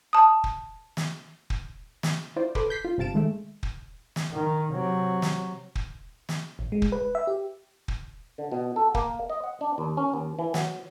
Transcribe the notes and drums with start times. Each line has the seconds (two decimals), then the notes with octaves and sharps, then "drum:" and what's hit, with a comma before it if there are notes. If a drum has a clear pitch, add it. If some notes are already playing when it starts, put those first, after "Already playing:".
0.13 A5 D#6
0.44 drum: kick
0.97 drum: snare
1.50 drum: kick
2.03 drum: snare
2.36 E4 F4 C5 D5
2.55 A4 B4 B5 C6 D6, drum: kick
2.70 G6 B6 C7
2.85 F4
2.98 G1 C3 F5 A5 D7 E7
3.14 D#3 G#3 A3
3.63 drum: kick
4.16 drum: snare
4.33 D#3
4.73 C3 F#3
5.22 drum: snare
5.75 drum: kick
6.29 drum: snare
6.59 A1
6.72 G#3
6.82 drum: kick
6.92 B4
7.15 E5
7.27 G4
7.88 drum: kick
8.38 D3
8.52 B2
8.76 A4
8.95 A#3, drum: kick
9.30 D#5
9.44 F#5
9.61 D4
9.78 D#2
9.97 C#4
10.14 D#2
10.39 E3
10.54 F#3, drum: snare